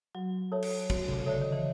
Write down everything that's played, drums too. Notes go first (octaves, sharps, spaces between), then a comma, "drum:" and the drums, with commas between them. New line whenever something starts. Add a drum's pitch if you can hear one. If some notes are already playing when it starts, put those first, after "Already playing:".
F#3 F#4
A4 C#5 E5 A5
drum: cymbal
F#4, drum: kick
drum: tom C3
C#3
D3 A4 C#5 E5 A5
D#3
E3